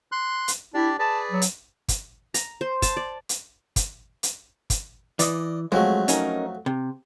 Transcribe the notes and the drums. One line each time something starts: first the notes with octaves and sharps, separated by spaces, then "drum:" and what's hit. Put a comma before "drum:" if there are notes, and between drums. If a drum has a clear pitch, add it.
C6 F#6
drum: hi-hat
D4 E4 G4 D5
G#4 B4 D5 A5
F#3
drum: hi-hat
drum: kick, hi-hat
A#5, drum: hi-hat
C5
A5, drum: kick, hi-hat
D5
drum: hi-hat
drum: kick, hi-hat
drum: hi-hat
drum: kick, hi-hat
E3 D5 D#5, drum: hi-hat
F2 F#3 G#3 A3
C#4 D#4 A#4, drum: hi-hat
C3